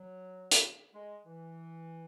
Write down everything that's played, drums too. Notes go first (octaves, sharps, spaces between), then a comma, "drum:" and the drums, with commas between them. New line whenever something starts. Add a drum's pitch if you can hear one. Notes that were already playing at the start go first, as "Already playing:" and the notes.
Already playing: F#3
drum: hi-hat
G#3
E3